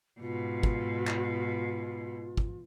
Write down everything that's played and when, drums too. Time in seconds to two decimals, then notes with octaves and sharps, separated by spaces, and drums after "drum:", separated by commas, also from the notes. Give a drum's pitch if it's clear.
0.20 G#2 B2 F4
0.63 drum: kick
1.07 drum: clap
2.37 drum: kick